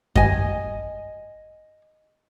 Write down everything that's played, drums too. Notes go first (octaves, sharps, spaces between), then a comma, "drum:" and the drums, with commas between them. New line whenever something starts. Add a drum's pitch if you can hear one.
D#5 G#5, drum: kick F#2